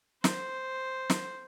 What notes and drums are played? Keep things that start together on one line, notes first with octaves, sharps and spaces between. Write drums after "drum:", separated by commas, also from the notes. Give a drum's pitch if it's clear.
C5, drum: snare
drum: snare